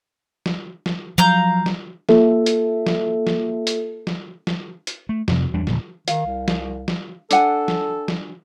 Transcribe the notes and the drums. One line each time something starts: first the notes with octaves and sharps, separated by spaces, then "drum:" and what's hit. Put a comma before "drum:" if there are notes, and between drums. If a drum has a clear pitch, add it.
drum: snare
drum: snare
F3 F#3 F5 A#5 G6
drum: snare
A#3 F4 A4 E5, drum: snare
drum: hi-hat
drum: snare
drum: snare
drum: hi-hat
drum: snare
drum: snare
drum: hi-hat
A3
F2 C3, drum: snare
E2 G3 D4
D#1 A#2 D3, drum: snare
D#3 F5, drum: hi-hat
C2
drum: snare
drum: snare
D4 A4 F#5 G#5, drum: hi-hat
drum: snare
drum: snare